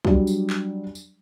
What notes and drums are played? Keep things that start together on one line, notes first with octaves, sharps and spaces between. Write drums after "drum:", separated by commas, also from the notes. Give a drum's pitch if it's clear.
F#3 G3 D4, drum: kick
drum: tambourine
drum: clap
drum: tambourine